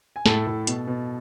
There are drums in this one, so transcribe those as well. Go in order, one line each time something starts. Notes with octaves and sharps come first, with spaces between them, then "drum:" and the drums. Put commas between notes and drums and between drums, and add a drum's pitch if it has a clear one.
G#5
A2 A4 A5, drum: snare
A2
B2, drum: hi-hat
B2